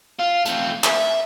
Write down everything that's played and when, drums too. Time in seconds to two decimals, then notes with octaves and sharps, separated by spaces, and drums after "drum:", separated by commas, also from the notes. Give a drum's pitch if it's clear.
0.19 F4
0.45 A3 C4, drum: hi-hat
0.84 E5, drum: clap